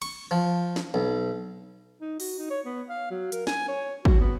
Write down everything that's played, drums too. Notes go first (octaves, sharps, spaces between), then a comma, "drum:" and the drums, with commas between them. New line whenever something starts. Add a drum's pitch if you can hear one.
C#6, drum: cymbal
F3
drum: snare
B1
D#4
F#4, drum: open hi-hat
D#4
C#5
B3
F5
F#3
A#4, drum: hi-hat
G#5, drum: snare
C#5
F#4, drum: kick
B3